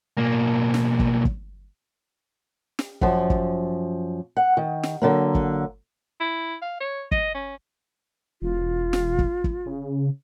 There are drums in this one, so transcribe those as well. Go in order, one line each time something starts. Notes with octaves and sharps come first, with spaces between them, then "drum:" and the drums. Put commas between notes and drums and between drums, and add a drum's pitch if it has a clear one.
B1 A#3
drum: snare
drum: kick
drum: kick
drum: snare
F#2 F3, drum: kick
drum: kick
F#5
D#3
drum: snare
D3 F#3 A#3
drum: kick
E4
F5
C#5
D#5, drum: kick
C#4
E1 F4
drum: snare
drum: kick
drum: kick
C#3